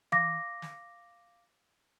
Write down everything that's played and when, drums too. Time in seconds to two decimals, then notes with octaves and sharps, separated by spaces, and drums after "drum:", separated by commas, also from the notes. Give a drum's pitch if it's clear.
0.12 F5 D6 A#6, drum: tom E3
0.62 drum: snare